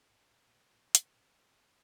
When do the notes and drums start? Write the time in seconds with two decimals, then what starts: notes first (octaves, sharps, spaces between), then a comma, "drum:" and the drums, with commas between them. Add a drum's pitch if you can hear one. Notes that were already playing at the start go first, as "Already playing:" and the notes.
Already playing: B4
0.10 A2
0.31 A#2
0.47 A#2
0.52 B2 B4
0.73 A#2
0.95 A#2, drum: hi-hat
1.15 A#2